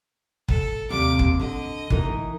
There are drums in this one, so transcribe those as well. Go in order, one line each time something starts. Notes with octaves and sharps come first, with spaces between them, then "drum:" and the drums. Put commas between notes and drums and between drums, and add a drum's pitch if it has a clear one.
A4, drum: kick
D#2 C3 D5 D6
drum: kick
D3 D#5
E3 D#4 A#4, drum: kick